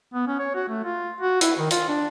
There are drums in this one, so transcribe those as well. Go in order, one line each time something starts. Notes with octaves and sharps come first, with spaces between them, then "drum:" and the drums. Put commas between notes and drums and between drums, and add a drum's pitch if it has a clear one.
B3
C#4
C#5
F#4
A3
F4
F#4
E4, drum: hi-hat
D#3
F4, drum: hi-hat
D4